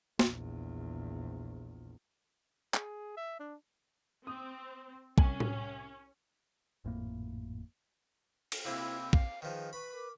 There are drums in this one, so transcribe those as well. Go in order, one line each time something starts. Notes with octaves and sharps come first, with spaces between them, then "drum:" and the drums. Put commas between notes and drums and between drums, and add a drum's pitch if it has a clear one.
A#1 E2, drum: snare
G#4, drum: clap
E5
D4
C4 D#6
C2 C#4 G#5 F#7, drum: kick A#1
drum: tom A2
G#1 F2 A2 A#3
drum: cymbal
C3 A#3 C4 E4 B5 E6
F5 D6, drum: kick A#1
D#3 F3 G#4 B4
B4 B5 C#6
A#4 D6